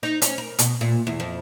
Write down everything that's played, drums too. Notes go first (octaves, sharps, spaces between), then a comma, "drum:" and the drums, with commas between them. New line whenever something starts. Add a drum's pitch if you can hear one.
D#4
C#4, drum: hi-hat
A#4
B2, drum: hi-hat
A#2
E2
F2